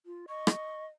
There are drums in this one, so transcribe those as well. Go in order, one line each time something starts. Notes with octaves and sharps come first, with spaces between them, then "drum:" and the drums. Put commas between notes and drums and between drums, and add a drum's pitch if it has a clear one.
F4
D#5 C#6
drum: rim click